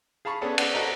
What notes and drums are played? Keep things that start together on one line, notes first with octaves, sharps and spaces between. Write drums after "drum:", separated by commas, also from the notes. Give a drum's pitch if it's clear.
G#4 F5 A5 B5 C#6
B3 C#4 D4 G#4 A4 A5
B4 D5 F#5, drum: cymbal
F#4 A4 D#5 A#5